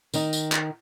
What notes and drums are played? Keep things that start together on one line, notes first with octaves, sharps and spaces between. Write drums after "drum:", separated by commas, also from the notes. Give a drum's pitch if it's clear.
D#3 D#4, drum: tambourine
drum: tambourine
drum: clap